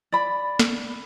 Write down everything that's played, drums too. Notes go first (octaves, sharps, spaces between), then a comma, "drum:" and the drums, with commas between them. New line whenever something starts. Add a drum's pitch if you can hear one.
D5 B5
drum: snare